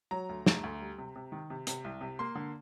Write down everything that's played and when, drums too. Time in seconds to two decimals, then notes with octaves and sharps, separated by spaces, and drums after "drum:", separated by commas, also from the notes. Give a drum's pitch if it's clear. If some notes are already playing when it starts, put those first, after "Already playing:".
0.11 F#3 A#5
0.29 D2
0.46 A3, drum: snare
0.63 D2
0.81 G3
0.98 C3
1.16 C3
1.32 D#3
1.50 C3
1.67 C3, drum: hi-hat
1.84 C2
2.01 C3
2.19 A#3 C6
2.35 D3